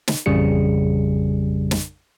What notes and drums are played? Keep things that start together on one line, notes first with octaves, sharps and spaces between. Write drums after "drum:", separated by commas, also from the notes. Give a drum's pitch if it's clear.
drum: snare
A1 F2 C#3 G3 G#4 C#7
drum: snare